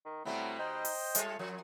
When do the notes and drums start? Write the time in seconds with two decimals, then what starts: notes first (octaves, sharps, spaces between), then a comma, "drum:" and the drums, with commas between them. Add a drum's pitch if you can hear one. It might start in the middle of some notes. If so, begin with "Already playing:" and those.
0.05 D#3
0.25 B2 F#3 G3 A3 B3 C4 E4
0.59 D#4 C5 D#5 G5
0.85 drum: open hi-hat
1.15 G3 A3 F4 C#5, drum: hi-hat
1.39 F#2 F3